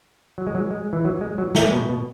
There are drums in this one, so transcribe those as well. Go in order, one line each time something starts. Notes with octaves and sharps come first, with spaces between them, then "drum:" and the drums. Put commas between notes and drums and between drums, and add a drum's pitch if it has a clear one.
F#3
G#3
F#3
G#3
E3
F#3
G#3
F#3
drum: snare
B2
B2